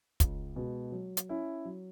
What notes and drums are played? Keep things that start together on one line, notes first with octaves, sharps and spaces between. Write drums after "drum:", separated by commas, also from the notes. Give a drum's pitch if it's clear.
C#2, drum: kick, hi-hat
B2 G#3 B3
F#3
drum: hi-hat
C#4 E4
F#3